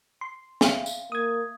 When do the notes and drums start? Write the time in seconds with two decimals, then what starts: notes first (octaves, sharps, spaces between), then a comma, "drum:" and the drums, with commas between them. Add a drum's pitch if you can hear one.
0.21 C6
0.61 E5 F5, drum: snare
0.86 drum: tambourine
1.12 A#3 D#6 G#6